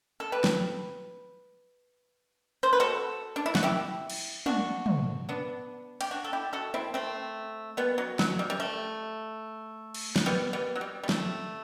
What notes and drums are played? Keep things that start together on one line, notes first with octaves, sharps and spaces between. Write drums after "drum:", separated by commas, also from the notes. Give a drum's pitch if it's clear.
A4
G4 B4
drum: snare
C5
B4
F#4 A4
D4
E4
F#4, drum: snare
E4 G4
drum: cymbal
D4 F#4, drum: tom
drum: tom
B3 D4
G4, drum: cymbal
D4 F#4
A4
E4 G4
F#4 A4
C4 E4
A3 C4
G3 B3
F#3
F#3, drum: snare
G3
G3
A3
drum: cymbal
drum: snare
G3 B3
G3 B3
F#3
G3
G3
A3, drum: snare